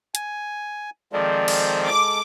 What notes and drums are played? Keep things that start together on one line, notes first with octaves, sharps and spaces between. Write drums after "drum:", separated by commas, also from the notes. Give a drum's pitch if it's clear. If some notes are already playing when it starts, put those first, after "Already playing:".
G#5, drum: hi-hat
D#3 F3 G#3 C4 A4 D5
drum: cymbal
D6